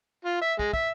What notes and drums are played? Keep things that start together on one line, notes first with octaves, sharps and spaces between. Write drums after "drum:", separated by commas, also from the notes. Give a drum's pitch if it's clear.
F4
E5
G#3, drum: kick
E5, drum: kick